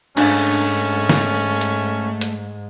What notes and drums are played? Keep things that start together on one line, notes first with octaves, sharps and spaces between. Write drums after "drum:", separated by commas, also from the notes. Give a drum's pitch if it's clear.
G#2 A3 C#4 D4 F5, drum: cymbal
drum: snare
drum: hi-hat
drum: hi-hat